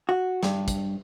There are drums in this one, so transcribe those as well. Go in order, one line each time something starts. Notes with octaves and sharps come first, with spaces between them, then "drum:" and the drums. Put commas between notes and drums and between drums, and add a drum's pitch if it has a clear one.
F#4
G2, drum: snare
drum: kick, hi-hat